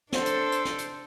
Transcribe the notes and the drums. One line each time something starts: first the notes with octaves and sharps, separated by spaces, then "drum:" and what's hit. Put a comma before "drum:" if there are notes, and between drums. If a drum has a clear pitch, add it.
D4 A4 C5, drum: snare
drum: hi-hat
drum: hi-hat
drum: snare
drum: hi-hat